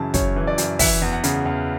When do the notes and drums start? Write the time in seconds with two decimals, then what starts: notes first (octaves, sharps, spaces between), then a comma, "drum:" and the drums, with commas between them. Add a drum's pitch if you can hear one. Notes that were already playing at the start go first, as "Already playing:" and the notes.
Already playing: F#2 C#3 E3 A5
0.14 F#2 C#5, drum: kick, hi-hat
0.36 E3
0.47 D5
0.58 F#2, drum: hi-hat
0.79 E3 E5, drum: kick, open hi-hat
1.02 E2
1.13 F#5
1.24 C#3, drum: hi-hat
1.45 E2